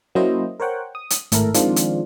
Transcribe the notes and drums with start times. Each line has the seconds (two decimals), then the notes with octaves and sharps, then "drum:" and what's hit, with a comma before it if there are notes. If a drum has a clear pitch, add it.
0.15 F#3 A#3 C#4 E4 C5 D#5
0.60 A#4 C5 C#5 F#5 G5
0.95 D#6
1.10 drum: hi-hat
1.32 G#1 A2 E4 A4 A#4, drum: hi-hat
1.54 D#3 F3 G#3 C4 D4 F4, drum: hi-hat
1.76 drum: hi-hat